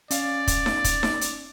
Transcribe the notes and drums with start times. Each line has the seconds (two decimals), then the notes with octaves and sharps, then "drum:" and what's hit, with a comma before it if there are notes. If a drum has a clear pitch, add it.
0.11 C#4 D5 F5, drum: hi-hat
0.47 drum: kick, hi-hat
0.66 drum: snare D#4
0.84 drum: kick, hi-hat
1.03 drum: snare D#4
1.21 drum: hi-hat